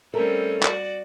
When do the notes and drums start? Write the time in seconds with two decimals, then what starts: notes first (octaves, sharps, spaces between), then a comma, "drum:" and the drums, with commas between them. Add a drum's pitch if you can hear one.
0.14 G3 A3 C4 C#4 A4 A#4
0.63 F#4 D5, drum: clap